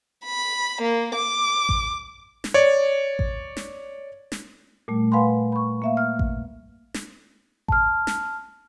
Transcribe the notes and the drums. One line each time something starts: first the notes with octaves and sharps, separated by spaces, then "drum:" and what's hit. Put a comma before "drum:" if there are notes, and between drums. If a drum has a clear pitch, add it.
B5
A#3
D6
drum: kick A1
drum: snare
C#5 D5
drum: kick A1
drum: snare
drum: snare
A#2 G3 A3
B4 F5 F#5 G#5 B5 C6
B5 C#6
A#3 E5 F5
F6
drum: kick A1
drum: snare
A5 F6, drum: kick A1
drum: snare